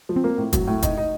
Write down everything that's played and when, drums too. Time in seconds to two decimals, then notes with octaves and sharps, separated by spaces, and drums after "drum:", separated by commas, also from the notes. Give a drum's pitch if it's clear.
0.09 F3
0.16 C4
0.24 A#3
0.38 A2
0.53 F#3, drum: kick, hi-hat
0.67 A2
0.82 D#4, drum: kick, hi-hat
0.97 D#4